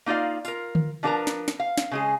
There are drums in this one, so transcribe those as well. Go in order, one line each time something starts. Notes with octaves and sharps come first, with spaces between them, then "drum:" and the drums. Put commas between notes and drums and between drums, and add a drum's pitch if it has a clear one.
A#3 D#4 F4 D5 F5
F4 A#4, drum: tambourine
drum: tom D3
F3 D4 F#4 A#4 B4 A#5
drum: snare
drum: snare
F5
drum: snare
C#3 G#3 G#4